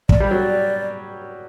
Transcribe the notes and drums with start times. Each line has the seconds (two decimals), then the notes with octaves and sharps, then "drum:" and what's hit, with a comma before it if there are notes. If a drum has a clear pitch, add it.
0.09 D5, drum: kick
0.20 G3
0.26 D5
0.31 F#3